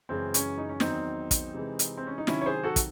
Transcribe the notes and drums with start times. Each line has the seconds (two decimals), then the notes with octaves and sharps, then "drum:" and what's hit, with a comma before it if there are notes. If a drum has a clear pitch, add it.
0.09 F#2 C#3 E3 G#3 C4
0.34 C#4, drum: hi-hat
0.58 D#4
0.69 C#4
0.80 E2 D#3 F#3 C4 D#4, drum: snare
1.31 drum: kick, hi-hat
1.54 C3 E3 G#3
1.79 drum: hi-hat
1.97 C4
2.07 C#4
2.18 D#4
2.27 C3 D#3 F#3 C#4 E4, drum: snare
2.41 C#5
2.46 G#4 C5
2.63 F#4 A4
2.76 drum: kick, hi-hat